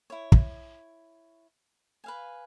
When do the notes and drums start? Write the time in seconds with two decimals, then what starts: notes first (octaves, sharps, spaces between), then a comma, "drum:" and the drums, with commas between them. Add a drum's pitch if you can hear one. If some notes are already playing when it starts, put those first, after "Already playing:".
0.10 E4 C#5
0.32 drum: kick
2.04 B4 F5 G#5